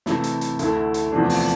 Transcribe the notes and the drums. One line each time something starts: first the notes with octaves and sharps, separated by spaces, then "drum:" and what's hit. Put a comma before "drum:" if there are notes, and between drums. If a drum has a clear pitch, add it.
C3 E3 A3 E4, drum: snare
drum: hi-hat
drum: hi-hat
D2 D3 A3 E4 A4, drum: hi-hat
drum: hi-hat
E2 C3 F3 A3 D4
drum: open hi-hat